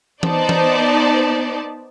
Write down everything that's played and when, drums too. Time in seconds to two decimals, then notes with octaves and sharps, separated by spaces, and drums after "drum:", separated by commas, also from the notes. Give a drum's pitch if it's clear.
0.23 B3 D#4 C5 D5 A5, drum: tom E3
0.49 drum: tom E3